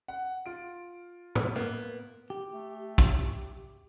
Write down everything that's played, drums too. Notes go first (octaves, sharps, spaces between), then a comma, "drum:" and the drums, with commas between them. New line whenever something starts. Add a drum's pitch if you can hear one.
F#5
F4 D7
drum: tom
A#3 B3
G4
A3
drum: kick